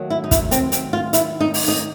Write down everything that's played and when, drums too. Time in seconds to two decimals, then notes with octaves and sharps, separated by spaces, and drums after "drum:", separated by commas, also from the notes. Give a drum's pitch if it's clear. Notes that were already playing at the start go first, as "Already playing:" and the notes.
Already playing: D#2 D#3 F#3 A3
0.10 E4
0.24 D#4
0.31 E4, drum: kick, hi-hat
0.51 C4, drum: hi-hat
0.72 C4, drum: hi-hat
0.93 F4
1.13 E4, drum: hi-hat
1.40 D#4
1.54 drum: open hi-hat
1.68 D#4